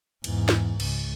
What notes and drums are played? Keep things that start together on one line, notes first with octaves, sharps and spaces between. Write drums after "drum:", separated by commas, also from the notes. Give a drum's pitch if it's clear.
E2 G#2, drum: cymbal
drum: snare
C#2, drum: cymbal